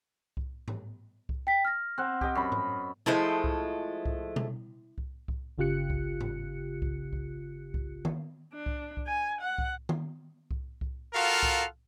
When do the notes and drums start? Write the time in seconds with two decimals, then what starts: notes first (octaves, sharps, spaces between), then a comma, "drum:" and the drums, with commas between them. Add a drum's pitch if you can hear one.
0.37 drum: kick C2
0.68 drum: tom G#2
1.29 drum: kick C2
1.47 G5 B6
1.65 F6 A#6
1.98 C4 F#5
2.21 G4 D#5, drum: kick C2
2.35 F#2 B5
2.52 drum: tom G#2
3.06 F3 G#3 A3 E4 C5
3.44 drum: kick C2
4.06 drum: kick C2
4.36 drum: tom B2
4.98 drum: kick C2
5.28 drum: kick C2
5.58 G1 C#3 F4 G4 F#6 C#7
5.90 drum: kick C2
6.21 drum: tom G#2
6.82 drum: kick C2
7.13 drum: kick C2
7.74 drum: kick C2
8.05 drum: tom D#3
8.53 D4
8.66 drum: kick C2
8.97 drum: kick C2
9.07 G#5
9.41 F#5
9.58 drum: kick C2
9.89 drum: tom D#3
10.51 drum: kick C2
10.81 drum: kick C2
11.14 F4 F#4 A4 A#4 F5
11.43 drum: kick C2